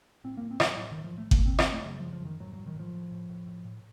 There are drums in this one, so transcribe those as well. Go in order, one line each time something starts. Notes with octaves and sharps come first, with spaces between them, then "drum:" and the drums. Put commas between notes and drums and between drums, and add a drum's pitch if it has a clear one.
A2 C4
A#3
A2
C4
A2, drum: rim click
F#3
A2
D#3
A2
F3
A2 A3
C#3 A#3, drum: kick G1
C4
F#2
C4, drum: rim click
F#2 A3
C#3 F#3
F3
F#2
F3
F#2 D#3
A2 F#3
A2 F#3
D#3
A2 F3
A2
A2
A2
A2
A2